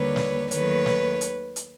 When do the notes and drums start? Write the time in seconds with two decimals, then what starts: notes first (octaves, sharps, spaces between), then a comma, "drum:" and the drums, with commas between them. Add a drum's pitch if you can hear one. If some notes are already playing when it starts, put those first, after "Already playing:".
Already playing: D#2 D3 G3 A#3 B4 C#5
0.16 drum: snare
0.51 D#2 D#3 F#3 A3 B4 C#5, drum: hi-hat
0.86 drum: snare
1.21 drum: hi-hat
1.56 drum: hi-hat